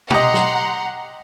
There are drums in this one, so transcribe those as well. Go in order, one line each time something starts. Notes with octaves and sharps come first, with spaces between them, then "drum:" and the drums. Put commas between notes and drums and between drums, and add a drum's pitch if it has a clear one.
G4 D#5 F#5 A#5 C6, drum: tom B2
drum: snare